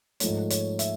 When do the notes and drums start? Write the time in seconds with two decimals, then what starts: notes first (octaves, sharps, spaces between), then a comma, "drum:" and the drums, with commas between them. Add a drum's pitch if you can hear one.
0.20 G#2 F3 A3 C#5, drum: hi-hat
0.50 C#5, drum: hi-hat
0.79 E5, drum: hi-hat